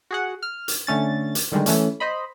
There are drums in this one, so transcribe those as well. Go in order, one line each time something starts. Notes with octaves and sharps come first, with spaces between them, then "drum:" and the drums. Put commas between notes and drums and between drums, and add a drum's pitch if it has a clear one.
F#4 G#4 F#5
F6
drum: hi-hat
D3 A3 C#4 A6
drum: hi-hat
D3 D#3 G3 G#3
E3 A3 C#4, drum: hi-hat
C5 D#5 B5